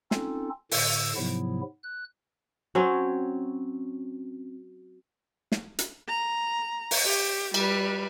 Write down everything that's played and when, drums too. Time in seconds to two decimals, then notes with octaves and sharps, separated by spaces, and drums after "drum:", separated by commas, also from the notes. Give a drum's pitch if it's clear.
0.11 C4 C#4 D#4 F4 A4, drum: snare
0.71 A2 D3 E6, drum: open hi-hat
1.16 G#2 C3 F3 F#3 B3 E4
1.83 F#6
2.75 F#3 C4 C#4
5.52 drum: snare
5.79 drum: hi-hat
6.08 A#5
6.91 drum: open hi-hat
7.05 G4
7.54 G3 B4, drum: cymbal